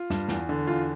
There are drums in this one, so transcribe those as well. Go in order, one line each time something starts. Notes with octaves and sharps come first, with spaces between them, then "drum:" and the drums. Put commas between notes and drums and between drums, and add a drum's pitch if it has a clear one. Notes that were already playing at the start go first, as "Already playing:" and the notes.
Already playing: F4
G2, drum: snare
E2, drum: snare
D3
E2 F4